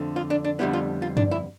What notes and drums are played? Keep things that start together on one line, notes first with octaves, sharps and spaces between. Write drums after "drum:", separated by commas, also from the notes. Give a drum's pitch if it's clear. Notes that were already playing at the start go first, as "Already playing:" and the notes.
Already playing: F2 D3 A3 C4
F4
D4
D4
F2 D3 G3 B3 E4
F4
F4
D4, drum: tom G2
E4